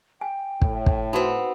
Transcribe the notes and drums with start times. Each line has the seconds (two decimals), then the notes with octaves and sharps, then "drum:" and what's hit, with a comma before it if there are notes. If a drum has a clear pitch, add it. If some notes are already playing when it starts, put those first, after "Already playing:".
0.21 G5 G#5
0.62 A2, drum: kick
0.86 drum: kick
1.13 B3 C4 D#4 F#4